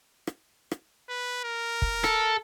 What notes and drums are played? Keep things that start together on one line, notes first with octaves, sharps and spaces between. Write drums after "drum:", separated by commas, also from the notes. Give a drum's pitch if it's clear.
drum: rim click
drum: rim click
B4
A#4
drum: kick
A4, drum: rim click